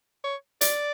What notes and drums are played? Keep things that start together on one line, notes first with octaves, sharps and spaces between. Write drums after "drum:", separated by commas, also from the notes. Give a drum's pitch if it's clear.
C#5
D5, drum: hi-hat